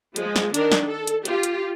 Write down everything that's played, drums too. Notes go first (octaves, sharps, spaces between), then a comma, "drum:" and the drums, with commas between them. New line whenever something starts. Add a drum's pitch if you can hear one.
F3 G#3, drum: hi-hat
drum: snare
D#3 D4 A#4, drum: hi-hat
drum: snare
A4
drum: hi-hat
F4 G4, drum: hi-hat
drum: hi-hat